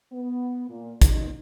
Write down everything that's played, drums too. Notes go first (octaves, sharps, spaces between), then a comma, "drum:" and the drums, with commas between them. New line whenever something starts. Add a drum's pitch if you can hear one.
B3
A#2
D#4, drum: kick, hi-hat